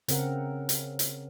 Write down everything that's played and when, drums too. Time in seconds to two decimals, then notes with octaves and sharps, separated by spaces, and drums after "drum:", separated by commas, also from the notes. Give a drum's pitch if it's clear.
0.08 C#3 C4 A#4 F#5, drum: hi-hat
0.69 drum: hi-hat
0.99 drum: hi-hat